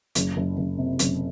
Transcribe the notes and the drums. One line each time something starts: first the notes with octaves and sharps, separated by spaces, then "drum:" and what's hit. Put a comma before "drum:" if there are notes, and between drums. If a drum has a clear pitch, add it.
F#1, drum: hi-hat
F#1
F#1
C3
F#1, drum: hi-hat